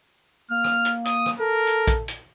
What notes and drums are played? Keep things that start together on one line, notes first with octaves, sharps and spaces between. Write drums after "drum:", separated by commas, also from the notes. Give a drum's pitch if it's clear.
A#3 F6
drum: rim click
drum: hi-hat
D#6, drum: hi-hat
drum: rim click
A4 A#4
drum: hi-hat
drum: kick A#1, hi-hat
drum: hi-hat